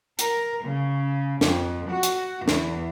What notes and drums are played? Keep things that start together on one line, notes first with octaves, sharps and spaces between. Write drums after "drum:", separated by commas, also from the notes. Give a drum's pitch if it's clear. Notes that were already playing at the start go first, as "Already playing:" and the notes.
A#4, drum: hi-hat
C#3
F2, drum: snare
F#4
drum: hi-hat
E2, drum: snare